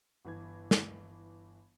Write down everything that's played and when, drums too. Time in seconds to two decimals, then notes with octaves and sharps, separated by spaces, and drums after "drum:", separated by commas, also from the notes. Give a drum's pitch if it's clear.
0.25 G1 E3 G#6
0.71 drum: snare